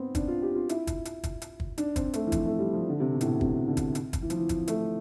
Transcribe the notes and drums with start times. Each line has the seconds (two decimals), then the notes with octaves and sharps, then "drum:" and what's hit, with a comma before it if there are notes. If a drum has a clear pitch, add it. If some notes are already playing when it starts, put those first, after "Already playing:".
Already playing: B3 C4
0.15 D4, drum: kick, hi-hat
0.28 F4
0.42 G4
0.55 F4
0.69 E4, drum: hi-hat
0.87 drum: kick, hi-hat
1.05 drum: hi-hat
1.23 drum: kick, hi-hat
1.42 drum: hi-hat
1.60 drum: kick
1.78 D4, drum: hi-hat
1.96 C4, drum: kick, hi-hat
2.13 A3, drum: hi-hat
2.27 E3
2.32 F3, drum: kick, hi-hat
2.45 A3
2.59 G3
2.73 F3
2.89 D3
3.00 C3
3.14 B2
3.21 A2, drum: hi-hat
3.27 B2
3.41 C3, drum: kick
3.68 D3
3.77 drum: kick, hi-hat
3.95 drum: hi-hat
4.13 drum: kick, hi-hat
4.22 E3
4.30 F3, drum: hi-hat
4.37 E3
4.49 drum: kick, hi-hat
4.68 A3, drum: hi-hat